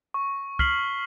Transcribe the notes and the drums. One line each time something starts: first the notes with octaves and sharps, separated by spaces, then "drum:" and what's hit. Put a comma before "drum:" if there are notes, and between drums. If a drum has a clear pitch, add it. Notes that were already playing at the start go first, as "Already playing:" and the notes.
C#6
F6 B6 C7 F#7, drum: kick